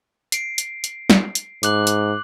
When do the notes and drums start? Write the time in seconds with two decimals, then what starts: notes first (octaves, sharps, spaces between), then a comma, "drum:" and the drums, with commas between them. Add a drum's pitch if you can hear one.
0.32 C7 D7, drum: hi-hat
0.58 drum: hi-hat
0.84 drum: hi-hat
1.10 drum: snare
1.35 drum: hi-hat
1.63 G#2 D6 F#6 F#7, drum: hi-hat
1.87 drum: hi-hat